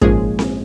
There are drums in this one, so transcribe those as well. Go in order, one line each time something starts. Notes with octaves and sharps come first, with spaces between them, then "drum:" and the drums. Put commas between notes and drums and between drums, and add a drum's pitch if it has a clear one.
A#1 G#2 F3 G#3 A#3 C#4 G#4, drum: kick
drum: snare C4